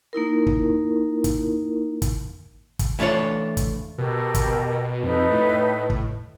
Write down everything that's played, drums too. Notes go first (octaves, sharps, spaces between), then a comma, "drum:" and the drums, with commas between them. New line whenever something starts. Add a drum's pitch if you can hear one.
A#3 D#4 E4 A#4
drum: kick
drum: kick, hi-hat
drum: kick, hi-hat
drum: kick, hi-hat
E3 A3 D4 F4 C#5
drum: kick, hi-hat
B2 G4 A4 A#4
drum: kick, hi-hat
F2 D#4 A4 B4
A2
drum: kick